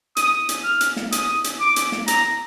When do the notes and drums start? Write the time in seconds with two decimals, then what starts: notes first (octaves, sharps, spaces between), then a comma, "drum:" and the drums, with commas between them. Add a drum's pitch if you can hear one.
0.17 D#6, drum: hi-hat
0.49 drum: hi-hat
0.64 F6
0.81 drum: hi-hat
0.96 drum: snare
1.12 D#6, drum: hi-hat
1.44 drum: hi-hat
1.61 D6
1.76 drum: hi-hat
1.92 drum: snare
2.08 A#5, drum: hi-hat